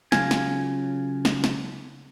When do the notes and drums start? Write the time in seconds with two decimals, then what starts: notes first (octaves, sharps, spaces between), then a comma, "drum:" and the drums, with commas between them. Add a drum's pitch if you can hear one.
0.12 C#3 F#3 F4 F5 G#5, drum: snare
0.31 drum: snare
1.25 drum: snare
1.44 drum: snare